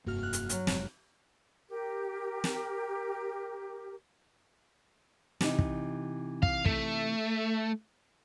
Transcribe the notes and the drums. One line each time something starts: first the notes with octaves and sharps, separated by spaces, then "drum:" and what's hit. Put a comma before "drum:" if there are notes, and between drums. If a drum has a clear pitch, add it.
F1 G2 A#3 F#4 F6
F#6
drum: hi-hat
F#3, drum: hi-hat
F1 G#2, drum: snare
G4 A#4
drum: snare
C3 E3 D#4, drum: snare
drum: kick
F5, drum: kick
A3, drum: kick